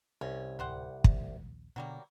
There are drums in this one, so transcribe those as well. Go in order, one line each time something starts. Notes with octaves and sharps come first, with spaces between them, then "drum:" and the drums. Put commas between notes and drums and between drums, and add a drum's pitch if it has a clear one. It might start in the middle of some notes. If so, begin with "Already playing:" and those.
C2 C#4
D1 G3 C5 F#5
A#1 D#2, drum: kick
B2 D3 F#3 G3 A#3